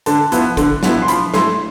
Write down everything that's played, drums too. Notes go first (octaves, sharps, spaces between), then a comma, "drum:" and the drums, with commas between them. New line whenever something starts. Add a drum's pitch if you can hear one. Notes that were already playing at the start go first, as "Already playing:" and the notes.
D3 A5, drum: hi-hat
F3 B3 E4, drum: hi-hat
D3, drum: kick, hi-hat
F3 B3 E4, drum: snare
C6
F3 B5, drum: hi-hat
A3 E4 C6, drum: snare